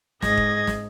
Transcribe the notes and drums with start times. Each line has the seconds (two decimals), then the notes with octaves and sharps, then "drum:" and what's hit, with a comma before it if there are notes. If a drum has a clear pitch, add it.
0.22 G#2 G#4 D#5 G#6 A#6, drum: snare
0.37 drum: kick D#1
0.67 drum: snare